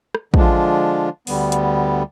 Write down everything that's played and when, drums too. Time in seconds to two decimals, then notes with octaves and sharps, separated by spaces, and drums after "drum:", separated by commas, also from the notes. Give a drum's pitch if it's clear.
0.15 drum: rim click
0.34 D3 F3 G#3 D4 F4, drum: kick
1.27 D2 D3 G3 B3, drum: open hi-hat
1.52 drum: hi-hat